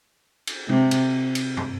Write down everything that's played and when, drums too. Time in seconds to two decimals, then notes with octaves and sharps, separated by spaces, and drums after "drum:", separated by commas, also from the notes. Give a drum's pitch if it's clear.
0.47 drum: cymbal
0.69 C3, drum: tom G#3
0.91 drum: cymbal
1.35 drum: cymbal
1.57 drum: tom